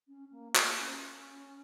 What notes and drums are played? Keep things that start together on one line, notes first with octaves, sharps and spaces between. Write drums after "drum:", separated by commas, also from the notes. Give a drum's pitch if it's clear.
C#4
A#3
A#3, drum: clap
C#4